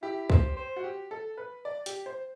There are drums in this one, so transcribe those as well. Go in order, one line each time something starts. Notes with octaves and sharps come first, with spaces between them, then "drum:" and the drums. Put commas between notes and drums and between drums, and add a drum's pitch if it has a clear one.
E4 G4
C5, drum: kick
C5
F#4
G4
A4
B4
D5
G4, drum: hi-hat
C5